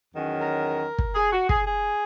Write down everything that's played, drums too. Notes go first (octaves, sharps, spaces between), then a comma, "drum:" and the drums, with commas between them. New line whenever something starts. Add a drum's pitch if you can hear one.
E2 D#3 F#3 C#4
A#4
drum: kick
G#4
F#4
G#4, drum: kick
G#4